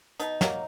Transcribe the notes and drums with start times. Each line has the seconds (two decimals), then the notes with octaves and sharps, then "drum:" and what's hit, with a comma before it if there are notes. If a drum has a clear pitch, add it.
0.20 B2 D#4, drum: hi-hat
0.41 F#3 A#3, drum: snare